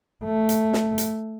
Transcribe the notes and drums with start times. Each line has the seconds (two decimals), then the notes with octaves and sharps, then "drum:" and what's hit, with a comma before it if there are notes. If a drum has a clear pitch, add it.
0.24 A3
0.49 drum: hi-hat
0.73 drum: snare
0.98 drum: hi-hat